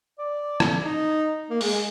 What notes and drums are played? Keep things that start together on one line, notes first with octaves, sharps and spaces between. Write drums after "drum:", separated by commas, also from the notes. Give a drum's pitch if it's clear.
D5
drum: rim click
D#4
A#3
G#3, drum: open hi-hat
G#3